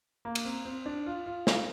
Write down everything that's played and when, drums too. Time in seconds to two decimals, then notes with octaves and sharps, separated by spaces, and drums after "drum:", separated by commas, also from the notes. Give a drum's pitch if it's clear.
0.25 A#3
0.35 drum: cymbal
0.45 C4
0.65 C4
0.86 D4
1.06 F4
1.26 F4
1.47 F4, drum: snare